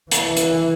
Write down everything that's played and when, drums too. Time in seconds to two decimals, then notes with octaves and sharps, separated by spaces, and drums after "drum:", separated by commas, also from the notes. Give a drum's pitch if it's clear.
0.11 E3, drum: hi-hat
0.37 drum: hi-hat